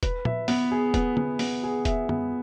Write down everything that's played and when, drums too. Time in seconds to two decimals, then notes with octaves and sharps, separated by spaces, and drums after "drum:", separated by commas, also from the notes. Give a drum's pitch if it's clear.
0.03 B4, drum: kick E1, hi-hat
0.25 E5, drum: tom
0.48 B3, drum: open hi-hat
0.71 G#4
0.94 B3, drum: kick E1, hi-hat
1.17 B3, drum: tom D3
1.39 B3, drum: open hi-hat
1.63 G#4
1.85 E5, drum: kick E1, hi-hat
2.09 B3, drum: tom